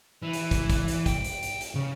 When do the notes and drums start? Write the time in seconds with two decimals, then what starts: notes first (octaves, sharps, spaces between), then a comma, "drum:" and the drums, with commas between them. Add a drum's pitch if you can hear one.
0.23 E3
0.33 drum: hi-hat
0.51 drum: kick, hi-hat
0.70 drum: kick, hi-hat
0.88 drum: hi-hat
1.06 G5, drum: kick, hi-hat
1.24 drum: hi-hat
1.42 drum: hi-hat
1.61 drum: hi-hat
1.75 C#3